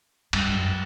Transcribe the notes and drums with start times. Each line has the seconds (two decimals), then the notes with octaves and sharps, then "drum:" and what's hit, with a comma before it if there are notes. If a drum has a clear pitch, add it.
0.33 G2, drum: cymbal
0.52 F#2